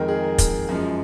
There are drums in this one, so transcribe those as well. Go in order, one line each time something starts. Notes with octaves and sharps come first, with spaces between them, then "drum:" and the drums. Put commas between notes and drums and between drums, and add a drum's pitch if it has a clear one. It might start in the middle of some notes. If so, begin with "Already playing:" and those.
Already playing: F2 D#3 G#3 A#4
G#4
A#4
drum: kick, hi-hat
F#2 F3 G#3